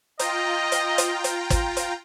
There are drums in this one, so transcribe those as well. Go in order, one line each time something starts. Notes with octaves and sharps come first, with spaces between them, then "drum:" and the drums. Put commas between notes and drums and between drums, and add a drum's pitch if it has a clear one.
F4 D#5 G5 A#5, drum: hi-hat
drum: hi-hat
drum: hi-hat
drum: hi-hat
drum: kick, hi-hat
drum: hi-hat